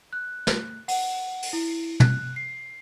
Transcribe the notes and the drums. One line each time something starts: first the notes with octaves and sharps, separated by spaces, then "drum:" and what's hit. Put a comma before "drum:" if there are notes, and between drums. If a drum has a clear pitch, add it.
F#6
drum: snare
F#5, drum: open hi-hat
drum: open hi-hat
E4
F#6, drum: tom
C7